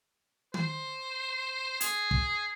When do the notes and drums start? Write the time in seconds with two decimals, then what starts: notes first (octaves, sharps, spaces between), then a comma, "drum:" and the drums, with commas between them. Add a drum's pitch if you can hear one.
0.54 C5, drum: tom
1.81 G#4, drum: hi-hat
2.11 drum: kick